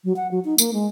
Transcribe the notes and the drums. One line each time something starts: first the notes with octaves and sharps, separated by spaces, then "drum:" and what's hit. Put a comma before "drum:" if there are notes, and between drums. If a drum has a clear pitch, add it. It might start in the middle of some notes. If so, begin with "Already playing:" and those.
F#3
F#5
F#3
D#4
A#3, drum: tambourine
G#3